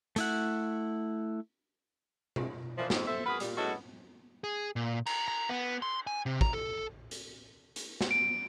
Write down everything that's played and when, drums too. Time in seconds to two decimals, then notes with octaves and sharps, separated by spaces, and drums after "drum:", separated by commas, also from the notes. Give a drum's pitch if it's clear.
0.16 A3 E4 F#5, drum: hi-hat
2.36 drum: tom B2
2.78 A#2 E3 F3
2.90 F2 G#2, drum: snare
3.07 A4 C5 E5
3.26 F#4 G#4 A#4 B4
3.40 A#2 G3, drum: hi-hat
3.57 G#3 B3 C#4 E4 F#4 A4
4.44 G#4
4.76 A#2
5.06 A#5, drum: cymbal
5.28 A#5
5.49 B3
5.82 C6
6.07 G#5
6.26 C3
6.41 A#5, drum: kick
6.53 A4
7.11 drum: hi-hat
7.76 drum: hi-hat
8.01 drum: snare
8.11 D7